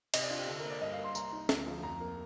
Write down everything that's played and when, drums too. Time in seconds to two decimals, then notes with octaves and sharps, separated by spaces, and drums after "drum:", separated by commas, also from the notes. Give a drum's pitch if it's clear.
0.14 C3 D#5, drum: cymbal
0.22 D5
0.30 D4 F4
0.39 G4
0.47 D3 A4
0.59 A#4
0.65 A#3
0.70 D5
0.82 G2 D#5
0.93 A#3 F5
1.04 C6
1.15 C2 A#5, drum: tambourine
1.32 D#4
1.49 D2, drum: snare
1.66 F3
1.83 F2 A#5
2.00 A#3